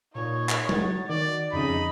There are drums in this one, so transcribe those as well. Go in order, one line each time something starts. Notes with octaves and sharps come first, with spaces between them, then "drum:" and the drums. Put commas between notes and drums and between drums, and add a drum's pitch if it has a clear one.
A#2 D#4 C#5
drum: clap
F#4 A6, drum: tom F#3
D#3 D5
F2 C#3 D#4 D#5 B5 D#7